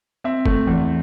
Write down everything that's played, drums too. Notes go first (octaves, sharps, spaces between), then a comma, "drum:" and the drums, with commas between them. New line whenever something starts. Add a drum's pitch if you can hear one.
C4 E5
A3, drum: kick
E2